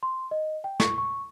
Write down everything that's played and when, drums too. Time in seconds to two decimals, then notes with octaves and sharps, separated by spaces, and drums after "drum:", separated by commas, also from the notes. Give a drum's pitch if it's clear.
0.03 C6
0.31 D#5
0.64 G5
0.80 C#6, drum: snare
0.98 C#6